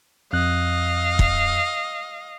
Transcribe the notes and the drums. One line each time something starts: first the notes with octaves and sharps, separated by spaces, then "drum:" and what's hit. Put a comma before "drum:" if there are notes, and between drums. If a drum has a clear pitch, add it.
F2 D#5 F5 F#6
drum: kick